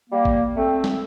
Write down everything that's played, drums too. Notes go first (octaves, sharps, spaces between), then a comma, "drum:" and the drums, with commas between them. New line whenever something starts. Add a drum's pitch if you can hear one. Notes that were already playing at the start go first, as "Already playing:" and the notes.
G3 A#3
drum: kick G#1
A3 C4
drum: snare